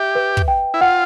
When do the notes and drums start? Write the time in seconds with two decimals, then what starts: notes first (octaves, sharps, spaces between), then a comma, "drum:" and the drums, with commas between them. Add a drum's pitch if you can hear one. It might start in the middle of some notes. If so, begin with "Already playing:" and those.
Already playing: G4 E5
0.15 B4
0.37 drum: kick
0.48 G5
0.74 E4
0.81 F4 F#5